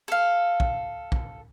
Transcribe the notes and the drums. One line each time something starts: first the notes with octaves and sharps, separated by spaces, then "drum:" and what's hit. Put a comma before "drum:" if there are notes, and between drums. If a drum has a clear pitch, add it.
A4 F5
drum: kick
drum: kick